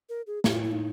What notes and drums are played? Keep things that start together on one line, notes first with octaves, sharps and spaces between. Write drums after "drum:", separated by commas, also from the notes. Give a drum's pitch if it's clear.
A#4
G#4
A2 G4, drum: snare
F4
E4
D#4